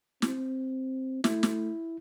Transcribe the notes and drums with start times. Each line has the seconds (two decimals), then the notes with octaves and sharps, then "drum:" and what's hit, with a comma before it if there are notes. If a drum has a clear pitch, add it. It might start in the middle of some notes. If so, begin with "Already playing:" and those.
0.22 C4, drum: snare
1.24 A3 E4, drum: snare
1.43 drum: snare